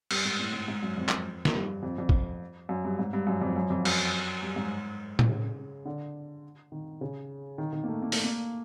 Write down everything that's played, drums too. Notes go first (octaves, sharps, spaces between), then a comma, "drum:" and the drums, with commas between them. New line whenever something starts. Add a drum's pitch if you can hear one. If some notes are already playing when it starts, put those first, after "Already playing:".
G2, drum: cymbal
G#2
A2
G#2
G#2
F#2
F2
drum: clap
drum: snare
G2
F2
F2
drum: kick
F#2
G2
G#2
G2
F#2
F2
F#2
F2
F#2, drum: cymbal
G2
G#2
drum: tom A2
C#3
D3
D#3
C#3
D#3
D#3
A#3
A3
A#3
A3, drum: open hi-hat
A#3